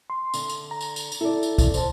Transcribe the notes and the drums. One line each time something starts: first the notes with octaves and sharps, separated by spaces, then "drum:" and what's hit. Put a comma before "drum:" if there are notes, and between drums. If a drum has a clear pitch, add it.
C6
D3, drum: tambourine
drum: tambourine
A#5
drum: tambourine
drum: tambourine
drum: tambourine
E4 A4 D5
drum: tambourine
drum: kick, tambourine
C5 A5, drum: tambourine